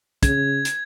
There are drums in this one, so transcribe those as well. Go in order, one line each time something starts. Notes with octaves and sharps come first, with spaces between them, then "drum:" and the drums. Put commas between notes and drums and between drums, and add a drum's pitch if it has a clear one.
C#3 G#6, drum: kick, hi-hat
drum: hi-hat